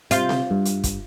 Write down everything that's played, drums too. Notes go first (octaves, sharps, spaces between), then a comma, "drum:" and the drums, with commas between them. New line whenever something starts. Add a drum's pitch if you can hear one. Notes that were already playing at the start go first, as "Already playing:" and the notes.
C3 F4 G6, drum: hi-hat
drum: snare C4
G2
drum: hi-hat
drum: kick, hi-hat